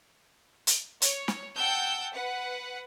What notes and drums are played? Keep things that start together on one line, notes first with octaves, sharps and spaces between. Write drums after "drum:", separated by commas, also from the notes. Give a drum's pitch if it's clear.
drum: hi-hat
C#5, drum: hi-hat
drum: snare
F#5 G5 A5 E6 G6
B4 F#5